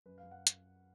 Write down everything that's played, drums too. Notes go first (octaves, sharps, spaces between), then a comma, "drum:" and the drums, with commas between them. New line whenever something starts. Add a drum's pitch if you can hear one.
F#2 B4
F5
F#2
F#5
drum: hi-hat